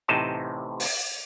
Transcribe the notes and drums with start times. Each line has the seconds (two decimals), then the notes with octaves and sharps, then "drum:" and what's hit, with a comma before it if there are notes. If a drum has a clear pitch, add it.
0.08 A1 A2 C3 D#4 C5 A5
0.80 drum: open hi-hat